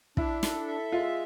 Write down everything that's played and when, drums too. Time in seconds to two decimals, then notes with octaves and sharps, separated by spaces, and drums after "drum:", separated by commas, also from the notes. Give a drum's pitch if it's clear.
0.17 D4 E4, drum: kick
0.43 A4, drum: snare
0.67 E5
0.92 G#3 F4